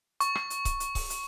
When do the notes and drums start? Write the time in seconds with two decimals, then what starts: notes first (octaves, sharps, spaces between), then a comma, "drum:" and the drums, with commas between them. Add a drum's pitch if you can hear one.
0.20 C#6, drum: hi-hat
0.35 drum: rim click
0.50 drum: hi-hat
0.65 drum: kick C#1, hi-hat
0.80 drum: hi-hat
0.95 drum: kick C#1, open hi-hat
1.10 drum: hi-hat